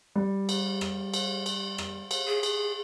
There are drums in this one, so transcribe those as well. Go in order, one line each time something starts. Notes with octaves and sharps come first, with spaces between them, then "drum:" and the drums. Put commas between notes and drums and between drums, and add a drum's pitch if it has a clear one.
G3
drum: cymbal
drum: rim click
drum: cymbal
drum: cymbal
drum: rim click
drum: cymbal
G#4
drum: cymbal